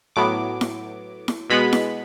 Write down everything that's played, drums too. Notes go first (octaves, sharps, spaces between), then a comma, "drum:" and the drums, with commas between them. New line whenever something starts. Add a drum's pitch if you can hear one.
A2 F#3 B3 D6
drum: snare E4
drum: snare E4
B2 G#3 B3 B5
drum: snare E4